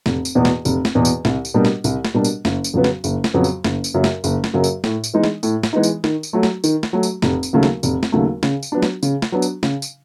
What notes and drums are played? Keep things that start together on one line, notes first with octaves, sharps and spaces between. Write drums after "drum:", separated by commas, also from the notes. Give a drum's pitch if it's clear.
F1, drum: snare
drum: tambourine
E2 B2
drum: snare
F1, drum: tambourine
drum: snare
E2 B2
drum: tambourine
C2, drum: snare
drum: tambourine
B2 G3 A#3 D4
drum: snare
C2, drum: tambourine
drum: snare
B2 G3 A#3 D4
drum: tambourine
F#1, drum: snare
drum: tambourine
F2 C#3 F#3 B3
drum: snare
F#1, drum: tambourine
drum: snare
F2 C#3 F#3 B3
drum: tambourine
F#1, drum: snare
drum: tambourine
F#2 C#3 F#3 A#3
drum: snare
F#1, drum: tambourine
drum: snare
F#2 C#3 F#3 A#3
drum: tambourine
A2, drum: snare
drum: tambourine
E3 G#3 B3 D#4
drum: snare
A2, drum: tambourine
drum: snare
E3 G#3 B3 D#4
drum: tambourine
D#3, drum: snare
drum: tambourine
F#3 A3
drum: snare
D#3, drum: tambourine
drum: snare
F#3 A3
drum: tambourine
F1, drum: snare
drum: tambourine
D#2 C#3 F#3 A3
drum: snare
F1, drum: tambourine
drum: snare
D#2 C#3 F#3 A3
C#3, drum: snare
drum: tambourine
F#3 B3 D4
drum: snare
C#3, drum: tambourine
drum: snare
F#3 B3 D4
drum: tambourine
C#3, drum: snare
drum: tambourine